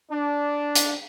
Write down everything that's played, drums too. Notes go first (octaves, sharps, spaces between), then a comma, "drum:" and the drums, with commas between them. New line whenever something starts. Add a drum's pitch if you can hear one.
D4
drum: hi-hat